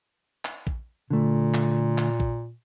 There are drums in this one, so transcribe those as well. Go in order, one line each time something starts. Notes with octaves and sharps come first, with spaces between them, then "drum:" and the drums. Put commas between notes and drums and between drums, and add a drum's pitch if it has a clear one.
drum: clap
drum: kick A#1
A#2 D3 A3
drum: clap
drum: clap
drum: kick A#1